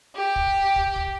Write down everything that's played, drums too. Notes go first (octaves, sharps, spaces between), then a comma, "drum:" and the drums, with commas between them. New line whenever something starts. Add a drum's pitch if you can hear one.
G4
drum: kick
drum: kick
drum: kick